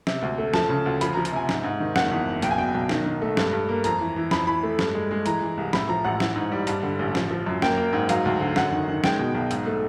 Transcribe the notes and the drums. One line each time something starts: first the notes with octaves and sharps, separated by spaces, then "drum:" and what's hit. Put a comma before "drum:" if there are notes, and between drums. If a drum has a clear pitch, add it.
C3, drum: snare
D2
A3
F3 A5, drum: snare
C#3
D2
F3 B5, drum: hi-hat
A#5
F3
A#5, drum: hi-hat
C3 G#5
G#2, drum: snare
G#2
D#3
F#1 F#5, drum: snare
E2
F#1
B1 G5, drum: hi-hat
G#5
B2 G5
B1
D#3, drum: snare
D#3
A3
G2, drum: snare
G2
A#3
F2 A#5, drum: hi-hat
E3
E3
F2 B5, drum: snare
E3 B5
A3
G2, drum: snare
G#3
G#3
E3 A#5, drum: hi-hat
E3
C2
A2 B5, drum: snare
F3 A#5
A1 F#5
E3, drum: snare
G#2
G3
G2, drum: hi-hat
D3
A1
F3, drum: snare
F3
F#2
A#3 G5, drum: snare
A#3
G#2
F#3 F5, drum: hi-hat
D2
D3
F#2 F#5, drum: snare
D#3
D#3
G#3 G5, drum: snare
B2
B1
G#2, drum: hi-hat
A3